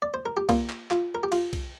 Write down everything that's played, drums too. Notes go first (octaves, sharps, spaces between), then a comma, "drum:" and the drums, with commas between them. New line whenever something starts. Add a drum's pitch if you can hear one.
D5
C5
A#4
G4
A#2 A#3 F4, drum: kick, cymbal
drum: clap
F4, drum: clap
A#4
G4
F4, drum: cymbal
drum: kick, cymbal